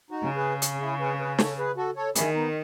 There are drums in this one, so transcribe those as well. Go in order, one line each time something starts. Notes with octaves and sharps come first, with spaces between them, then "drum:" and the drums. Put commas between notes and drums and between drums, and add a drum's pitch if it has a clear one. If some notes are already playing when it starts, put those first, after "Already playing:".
D#4 F#4
C#3
G#4 B4
drum: hi-hat
E4 G#4
G#4 B4
G#4 B4
A4 C#5, drum: snare
G#4 B4
F#4 A4
A4 C#5
D#3 E4 G#4, drum: hi-hat
B3 D#4